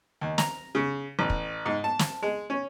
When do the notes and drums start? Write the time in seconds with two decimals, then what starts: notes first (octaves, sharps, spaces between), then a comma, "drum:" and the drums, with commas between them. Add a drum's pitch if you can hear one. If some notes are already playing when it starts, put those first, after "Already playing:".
0.21 D#2
0.38 A#5, drum: snare
0.75 C#3
1.19 A1
1.30 drum: kick
1.66 G#2
1.84 A5
1.99 drum: snare
2.23 G#3
2.50 C#4